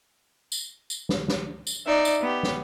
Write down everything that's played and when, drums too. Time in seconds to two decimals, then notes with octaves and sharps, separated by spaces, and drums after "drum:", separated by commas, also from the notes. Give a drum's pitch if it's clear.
0.52 drum: tambourine
0.90 drum: tambourine
1.09 drum: snare
1.28 drum: snare
1.67 drum: tambourine
1.86 D#4 D5 E5
2.05 drum: tambourine
2.21 B3 G4
2.43 drum: snare